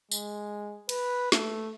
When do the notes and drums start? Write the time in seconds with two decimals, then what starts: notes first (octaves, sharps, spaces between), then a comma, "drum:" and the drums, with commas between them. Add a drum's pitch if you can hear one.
0.11 G#3, drum: tambourine
0.89 B4, drum: cymbal
1.32 A3, drum: snare